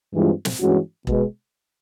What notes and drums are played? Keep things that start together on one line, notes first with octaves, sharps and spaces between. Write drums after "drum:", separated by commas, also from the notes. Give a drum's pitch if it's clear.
G2 E3 G#3 C4 F4
drum: snare
G2 E3 G#3 C#4 F#4
B2 G#3 B3, drum: kick E1